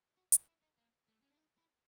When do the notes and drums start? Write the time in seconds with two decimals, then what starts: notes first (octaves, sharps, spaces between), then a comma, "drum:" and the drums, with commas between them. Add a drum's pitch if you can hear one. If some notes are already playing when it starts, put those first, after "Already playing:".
0.17 F#4
0.32 F4, drum: hi-hat
0.48 E4
0.62 D#4
0.78 A#3
1.08 A3
1.22 C#4
1.30 D4
1.38 D#4
1.58 E4